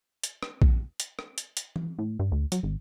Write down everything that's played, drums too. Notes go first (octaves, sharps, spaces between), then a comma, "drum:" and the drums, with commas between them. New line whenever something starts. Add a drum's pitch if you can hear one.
drum: hi-hat
drum: rim click
drum: kick A#1
drum: hi-hat
drum: rim click
drum: hi-hat
drum: hi-hat
drum: tom E3
A2
G2
D2
F#3, drum: hi-hat
G#1